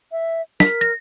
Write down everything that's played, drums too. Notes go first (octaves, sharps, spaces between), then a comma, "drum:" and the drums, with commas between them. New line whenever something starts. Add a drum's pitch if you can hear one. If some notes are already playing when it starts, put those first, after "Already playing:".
E5
A#4 B6, drum: snare
A#6, drum: hi-hat